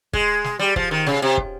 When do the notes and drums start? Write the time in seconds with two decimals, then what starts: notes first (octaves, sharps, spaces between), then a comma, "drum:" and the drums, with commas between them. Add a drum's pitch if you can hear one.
0.13 G#3, drum: kick
0.44 drum: snare
0.59 G3
0.76 F3, drum: kick
0.91 D#3
1.07 C#3, drum: snare
1.22 C3
1.37 drum: kick